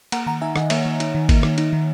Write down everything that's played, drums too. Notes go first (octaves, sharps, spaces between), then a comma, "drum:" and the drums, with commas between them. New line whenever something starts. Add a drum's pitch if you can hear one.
A#3 F#5 A#5, drum: cymbal
D#3 F#5 A#5
D#4 E5 G#5
D#3 D#5 F#5, drum: rim click
A#3 C#5 E5, drum: cymbal
D#3
D#4, drum: cymbal
D#3
A#3, drum: kick G#1, cymbal
D#3, drum: rim click
D#4, drum: cymbal
D#3